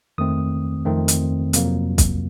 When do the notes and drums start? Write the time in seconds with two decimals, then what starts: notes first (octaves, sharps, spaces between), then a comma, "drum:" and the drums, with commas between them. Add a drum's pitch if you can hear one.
0.18 F2 D#3 A3 C4 D#6
0.85 F2 D#3 A3 C4
1.08 drum: hi-hat
1.53 F2 C3 F#3 A#3, drum: hi-hat
1.98 drum: kick, hi-hat